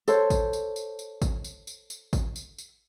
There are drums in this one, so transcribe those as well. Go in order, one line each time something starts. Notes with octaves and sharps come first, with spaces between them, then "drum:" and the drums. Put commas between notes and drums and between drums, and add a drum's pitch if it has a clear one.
A4 C5 C#5, drum: tambourine
drum: kick G#1, tambourine
drum: tambourine
drum: tambourine
drum: tambourine
drum: kick G#1, tambourine
drum: tambourine
drum: tambourine
drum: tambourine
drum: kick G#1, tambourine
drum: tambourine
drum: tambourine